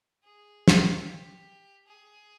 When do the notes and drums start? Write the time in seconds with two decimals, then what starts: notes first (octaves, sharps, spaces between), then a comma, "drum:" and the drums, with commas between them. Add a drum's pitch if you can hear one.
0.24 G#4
0.68 drum: snare
0.78 G4
1.87 G#4